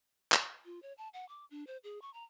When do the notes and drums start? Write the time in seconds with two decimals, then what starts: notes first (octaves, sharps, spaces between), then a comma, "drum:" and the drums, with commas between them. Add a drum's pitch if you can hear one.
0.32 drum: clap
0.65 F4
0.83 C#5
0.98 A5
1.13 F#5
1.29 D6
1.51 D4
1.67 C5
1.84 G#4
2.02 C#6
2.14 A#5